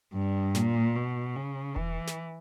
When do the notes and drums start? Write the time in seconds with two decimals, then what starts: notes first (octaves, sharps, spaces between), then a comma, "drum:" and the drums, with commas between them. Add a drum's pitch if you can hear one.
0.14 G2
0.55 A#2, drum: snare
0.95 B2
1.36 C#3
1.76 E3, drum: kick E1
2.07 drum: snare